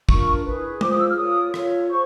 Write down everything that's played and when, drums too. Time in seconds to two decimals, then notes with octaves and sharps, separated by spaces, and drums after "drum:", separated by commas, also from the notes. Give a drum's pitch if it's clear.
0.09 D4 F4 A#4 C#6, drum: kick
0.45 E4 G#4 B4
0.81 F4 G#4 C5 D6, drum: tom
0.90 D#6
0.99 E6
1.09 F6
1.17 F4 A#4 C#5 D#6
1.54 F4 A4 C#5, drum: rim click
1.90 G#4 C5 C#6